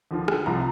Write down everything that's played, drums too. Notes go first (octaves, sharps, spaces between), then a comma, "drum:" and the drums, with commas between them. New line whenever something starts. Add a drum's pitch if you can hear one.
D#2 D3 F3
drum: rim click
C2 C3 F3 A#5